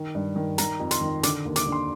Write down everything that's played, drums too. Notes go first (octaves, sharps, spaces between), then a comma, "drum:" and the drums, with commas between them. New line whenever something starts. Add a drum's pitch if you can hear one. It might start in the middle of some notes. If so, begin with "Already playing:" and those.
Already playing: D#3
G2
D#3
D#3 A#5, drum: hi-hat
F2
C6, drum: hi-hat
D#3
D3 D6, drum: hi-hat
D#2
D6, drum: hi-hat
D3
C6